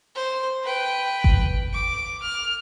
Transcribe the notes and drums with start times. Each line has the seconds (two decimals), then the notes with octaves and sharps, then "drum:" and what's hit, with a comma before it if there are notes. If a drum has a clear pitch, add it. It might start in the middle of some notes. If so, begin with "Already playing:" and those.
0.15 C5
0.64 B4 G5
1.24 drum: kick G1
1.73 D6
2.22 F6